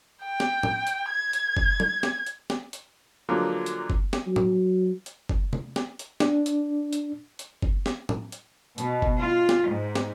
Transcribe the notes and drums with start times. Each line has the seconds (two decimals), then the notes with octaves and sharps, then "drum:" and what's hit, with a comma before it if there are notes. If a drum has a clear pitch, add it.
0.24 G5
0.40 drum: snare
0.63 drum: tom
0.87 drum: hi-hat
1.10 G#6
1.33 drum: hi-hat
1.57 drum: kick F#1
1.80 drum: tom
2.03 drum: snare
2.26 drum: hi-hat
2.50 drum: snare
2.73 drum: hi-hat
3.29 D3 F3 F#3 G#3 A#3
3.66 drum: hi-hat
3.90 drum: kick F#1
4.13 drum: snare
4.27 F#3
4.36 drum: tom
5.06 drum: hi-hat
5.29 drum: kick F#1
5.53 drum: tom C3
5.76 drum: snare
5.99 drum: hi-hat
6.20 D4, drum: snare
6.46 drum: hi-hat
6.93 drum: hi-hat
7.39 drum: hi-hat
7.62 drum: kick F#1
7.86 drum: snare
8.09 drum: tom
8.32 drum: hi-hat
8.78 B2, drum: hi-hat
9.02 drum: kick F#1
9.18 F4
9.49 drum: snare
9.67 G#2
9.96 drum: snare